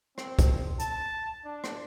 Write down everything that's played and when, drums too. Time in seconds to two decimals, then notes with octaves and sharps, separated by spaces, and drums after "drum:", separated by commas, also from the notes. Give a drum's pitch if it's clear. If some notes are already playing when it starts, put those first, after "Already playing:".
0.18 C4, drum: rim click
0.39 drum: kick, hi-hat
0.80 A5, drum: hi-hat
1.45 D4
1.64 drum: rim click